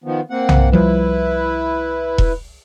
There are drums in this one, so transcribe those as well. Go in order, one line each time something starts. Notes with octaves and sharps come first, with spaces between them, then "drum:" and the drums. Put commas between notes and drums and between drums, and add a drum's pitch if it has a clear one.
D#3 F3 B3
A#3 C4 F#5
drum: tom B1
C2 F3 G3 E4 B4
drum: kick E1